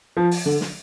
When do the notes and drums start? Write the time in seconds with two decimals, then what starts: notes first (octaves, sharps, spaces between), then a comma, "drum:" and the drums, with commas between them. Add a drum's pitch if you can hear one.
0.17 F3
0.31 drum: open hi-hat
0.46 D3
0.61 drum: snare